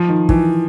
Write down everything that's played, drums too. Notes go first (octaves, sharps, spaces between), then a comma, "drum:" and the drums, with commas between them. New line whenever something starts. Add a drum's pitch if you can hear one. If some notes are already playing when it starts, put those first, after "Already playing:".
Already playing: F3
D#3
E3, drum: kick